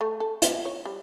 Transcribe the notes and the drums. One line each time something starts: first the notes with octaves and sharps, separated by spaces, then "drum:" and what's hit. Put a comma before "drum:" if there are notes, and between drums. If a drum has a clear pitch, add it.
A3
A4
B3, drum: hi-hat
C#5
G3